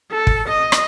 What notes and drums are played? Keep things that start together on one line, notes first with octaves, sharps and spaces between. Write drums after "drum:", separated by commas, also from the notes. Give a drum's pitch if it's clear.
A4
drum: kick
D#5
drum: rim click